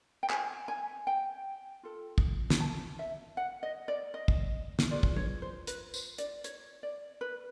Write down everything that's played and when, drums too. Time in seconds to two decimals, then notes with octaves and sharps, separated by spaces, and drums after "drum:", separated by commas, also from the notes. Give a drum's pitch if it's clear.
0.23 G5
0.30 G#5, drum: clap
0.68 G#5
1.07 G5
1.83 F4 A4
2.18 drum: kick
2.50 drum: snare
2.60 A5
2.99 E5
3.37 F#5
3.63 D#5
3.88 D5
4.14 D#5
4.28 drum: kick
4.79 drum: snare
4.91 F4 G#4 B4 D5
5.03 drum: kick
5.16 C#5, drum: tom
5.42 C5
5.67 B4, drum: hi-hat
5.94 C5, drum: tambourine
6.18 D5, drum: hi-hat
6.44 C#5, drum: hi-hat
6.83 D5
7.21 B4